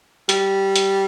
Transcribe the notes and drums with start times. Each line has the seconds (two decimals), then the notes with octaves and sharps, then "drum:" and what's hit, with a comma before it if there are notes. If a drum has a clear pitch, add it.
0.29 G3, drum: hi-hat
0.76 drum: hi-hat